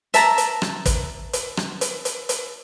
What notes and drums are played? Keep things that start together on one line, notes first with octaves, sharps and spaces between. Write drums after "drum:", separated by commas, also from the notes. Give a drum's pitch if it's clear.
E5 A5 A#5, drum: hi-hat
drum: hi-hat
drum: rim click
drum: kick, hi-hat
drum: hi-hat
drum: rim click
drum: hi-hat
drum: hi-hat
drum: hi-hat